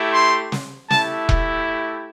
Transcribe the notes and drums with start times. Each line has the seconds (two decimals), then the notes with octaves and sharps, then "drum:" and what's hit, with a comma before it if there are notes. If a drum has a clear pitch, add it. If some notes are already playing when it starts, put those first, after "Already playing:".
Already playing: A3 E4 G4
0.14 C6
0.52 drum: snare
0.90 A3 E4 G4 A5, drum: snare
1.29 drum: kick E1